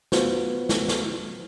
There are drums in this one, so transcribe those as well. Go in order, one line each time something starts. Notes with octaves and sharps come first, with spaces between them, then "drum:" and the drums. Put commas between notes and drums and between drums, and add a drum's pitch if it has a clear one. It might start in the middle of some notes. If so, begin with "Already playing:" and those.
B3 F4 F#4 B4 C5, drum: snare
drum: snare
drum: snare